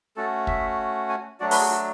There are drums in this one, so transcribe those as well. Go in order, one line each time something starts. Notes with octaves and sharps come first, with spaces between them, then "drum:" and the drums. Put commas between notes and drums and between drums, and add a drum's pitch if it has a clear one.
A3 C#4 F#4 A4
E5, drum: kick
G#5
F#3 A3 D4 F#4 D5
B4, drum: open hi-hat
G#4
F#4